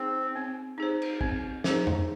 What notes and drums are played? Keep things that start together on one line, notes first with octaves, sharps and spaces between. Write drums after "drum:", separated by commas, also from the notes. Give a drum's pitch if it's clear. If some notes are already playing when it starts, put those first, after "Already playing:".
Already playing: C4 D#4 G#4 C5
C4
D#4 G#4 C5
drum: cymbal
C4, drum: kick
D#4 G#4 C5, drum: snare
drum: tom F2